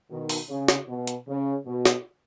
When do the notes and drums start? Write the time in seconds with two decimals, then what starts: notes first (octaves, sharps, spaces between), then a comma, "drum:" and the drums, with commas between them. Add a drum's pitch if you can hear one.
0.10 B2 D#3
0.29 drum: open hi-hat
0.49 C#3
0.68 drum: snare
0.88 B2
1.07 drum: hi-hat
1.28 C#3
1.66 B2
1.85 drum: snare